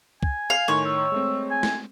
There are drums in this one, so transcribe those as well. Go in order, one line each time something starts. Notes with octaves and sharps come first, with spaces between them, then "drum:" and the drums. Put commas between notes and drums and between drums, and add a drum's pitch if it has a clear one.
G#5, drum: kick
F5
A2 D#3 C#5 C6
E6
G#3 A3 C4
G#5
drum: snare